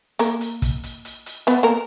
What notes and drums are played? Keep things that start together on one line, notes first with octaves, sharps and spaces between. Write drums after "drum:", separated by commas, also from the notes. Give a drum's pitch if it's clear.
A#3 A#4, drum: hi-hat
drum: hi-hat
drum: kick, hi-hat
drum: hi-hat
drum: hi-hat
drum: hi-hat
B3 B4, drum: hi-hat
A#3 A#4